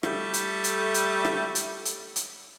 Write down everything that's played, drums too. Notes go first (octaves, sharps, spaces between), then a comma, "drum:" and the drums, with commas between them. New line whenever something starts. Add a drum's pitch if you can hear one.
G3 A3, drum: rim click
drum: hi-hat
drum: hi-hat
drum: hi-hat
drum: rim click
drum: hi-hat
drum: hi-hat
drum: hi-hat